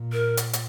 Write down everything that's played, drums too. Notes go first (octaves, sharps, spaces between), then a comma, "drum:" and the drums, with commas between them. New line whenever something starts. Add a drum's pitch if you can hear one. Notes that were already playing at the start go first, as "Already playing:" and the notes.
Already playing: A#2
A#4
drum: hi-hat
drum: hi-hat